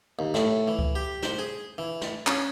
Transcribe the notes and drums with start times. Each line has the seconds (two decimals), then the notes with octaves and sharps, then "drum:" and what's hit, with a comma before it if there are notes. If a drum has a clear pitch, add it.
0.19 D#2
0.34 A2, drum: snare
0.68 E3
0.79 drum: kick C#2
0.95 G4
1.23 C5, drum: snare
1.39 G#4
1.78 E3
2.01 drum: snare
2.27 C#4, drum: clap